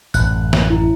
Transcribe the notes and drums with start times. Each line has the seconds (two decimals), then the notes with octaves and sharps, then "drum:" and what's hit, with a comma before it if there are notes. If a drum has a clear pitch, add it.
0.14 A1 F#2 A2 F#6, drum: tambourine
0.53 drum: snare
0.70 E4